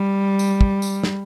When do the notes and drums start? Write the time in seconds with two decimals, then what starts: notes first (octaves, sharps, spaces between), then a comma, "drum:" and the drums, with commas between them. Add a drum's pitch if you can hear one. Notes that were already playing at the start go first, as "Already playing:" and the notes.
Already playing: G3
0.39 drum: tambourine
0.61 drum: kick
0.82 drum: tambourine
1.04 drum: snare